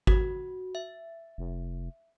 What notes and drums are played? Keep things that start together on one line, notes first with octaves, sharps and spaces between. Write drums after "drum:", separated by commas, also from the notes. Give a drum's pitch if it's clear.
F#4, drum: kick G#1
E5
F1